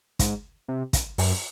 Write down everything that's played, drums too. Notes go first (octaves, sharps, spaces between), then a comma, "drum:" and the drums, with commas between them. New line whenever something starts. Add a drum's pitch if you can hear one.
G#2, drum: kick, hi-hat
C3
drum: kick, hi-hat
F#2, drum: open hi-hat